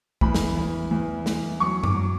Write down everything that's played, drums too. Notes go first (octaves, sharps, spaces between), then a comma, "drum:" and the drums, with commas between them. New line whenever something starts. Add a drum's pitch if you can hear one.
E2 B5, drum: kick
drum: snare
E2
E2
E2, drum: snare
F#3 C#6
D6, drum: tom F#2
F#3